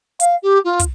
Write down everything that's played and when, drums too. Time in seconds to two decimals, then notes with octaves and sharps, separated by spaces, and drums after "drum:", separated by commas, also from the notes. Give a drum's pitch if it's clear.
0.20 F5, drum: hi-hat
0.42 G4
0.64 F4
0.79 drum: kick, hi-hat